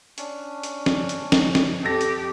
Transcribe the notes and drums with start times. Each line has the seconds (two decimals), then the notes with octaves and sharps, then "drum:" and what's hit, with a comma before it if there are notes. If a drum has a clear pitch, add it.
0.18 C#4 D4, drum: hi-hat
0.63 drum: hi-hat
0.86 drum: snare
1.09 drum: hi-hat
1.32 drum: snare
1.55 drum: snare
1.83 F2 G4 A4 A#6
2.01 drum: hi-hat